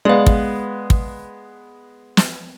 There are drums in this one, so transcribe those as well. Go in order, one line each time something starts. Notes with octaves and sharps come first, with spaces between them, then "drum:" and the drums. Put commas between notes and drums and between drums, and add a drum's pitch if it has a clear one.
G#3 B3 D5 F5
drum: kick
drum: kick
drum: snare